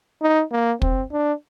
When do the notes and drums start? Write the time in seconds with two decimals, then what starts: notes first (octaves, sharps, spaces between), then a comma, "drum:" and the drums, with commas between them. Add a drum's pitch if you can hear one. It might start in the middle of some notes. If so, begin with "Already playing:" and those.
0.22 D#4
0.52 A#3
0.82 C4, drum: kick
1.12 D4